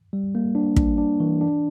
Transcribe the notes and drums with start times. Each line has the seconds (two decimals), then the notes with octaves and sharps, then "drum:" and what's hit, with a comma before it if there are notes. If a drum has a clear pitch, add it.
0.13 G3
0.35 A#3
0.55 D4
0.76 D4, drum: kick
0.98 D4
1.20 E3
1.41 D4